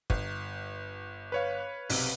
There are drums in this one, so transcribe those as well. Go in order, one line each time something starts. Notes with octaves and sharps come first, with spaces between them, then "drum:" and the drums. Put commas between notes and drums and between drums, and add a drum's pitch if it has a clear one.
G1, drum: kick
B4 C#5 F5
B1 C3, drum: open hi-hat